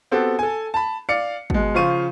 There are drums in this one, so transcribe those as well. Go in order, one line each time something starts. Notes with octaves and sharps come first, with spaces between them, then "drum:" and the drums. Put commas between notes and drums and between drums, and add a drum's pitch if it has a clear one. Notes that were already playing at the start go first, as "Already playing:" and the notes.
B3 C4 F#4 G4 A4
A4 G#5
A5 B5
D5 F5 C#7
B2 G#3, drum: kick
C#3 F3 C5 F5 C#6 D#7